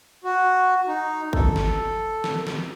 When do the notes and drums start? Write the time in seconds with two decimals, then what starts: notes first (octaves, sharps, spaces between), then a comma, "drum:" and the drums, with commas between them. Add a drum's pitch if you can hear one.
0.24 F#4
0.88 D#4
1.33 A4, drum: kick
1.56 drum: snare
2.24 drum: snare
2.47 drum: snare